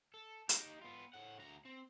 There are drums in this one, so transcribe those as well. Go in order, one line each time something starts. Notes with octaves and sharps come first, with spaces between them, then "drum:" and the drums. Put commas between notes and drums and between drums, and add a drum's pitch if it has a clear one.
A4
D#4 G4, drum: hi-hat
B3 F4
A2 F#5
D2 A#5
C4